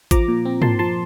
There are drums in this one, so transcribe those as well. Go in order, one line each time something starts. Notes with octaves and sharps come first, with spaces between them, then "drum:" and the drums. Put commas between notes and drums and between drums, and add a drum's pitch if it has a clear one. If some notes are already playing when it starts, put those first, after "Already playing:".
F3 A#5 D6, drum: kick A1, hi-hat
A#2
C4
A#2 A5 C6, drum: tom
F3 A5 C6